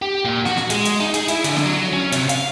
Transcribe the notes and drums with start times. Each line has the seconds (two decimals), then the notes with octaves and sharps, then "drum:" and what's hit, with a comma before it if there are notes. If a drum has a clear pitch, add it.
0.02 G4
0.25 A#2
0.45 F#4, drum: snare
0.57 drum: snare
0.70 G#3, drum: hi-hat
0.85 drum: hi-hat
1.00 D#4
1.14 G#4, drum: hi-hat
1.28 E4, drum: hi-hat
1.44 D3, drum: hi-hat
1.57 drum: snare
1.66 F#3
1.93 C#4
2.12 C3, drum: hi-hat
2.29 F5, drum: hi-hat